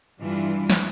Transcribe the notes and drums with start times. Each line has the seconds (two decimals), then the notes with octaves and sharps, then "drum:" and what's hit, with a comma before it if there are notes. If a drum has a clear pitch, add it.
0.19 G2 E3 G3 D4 F4
0.70 drum: snare